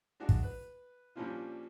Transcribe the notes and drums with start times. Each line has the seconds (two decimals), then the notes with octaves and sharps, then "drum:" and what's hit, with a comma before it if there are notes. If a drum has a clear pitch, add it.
0.20 G#3 D4 F#4 D5 F5
0.29 drum: kick
0.43 B4
1.16 A#2 F3 G3 C#4 D4 F4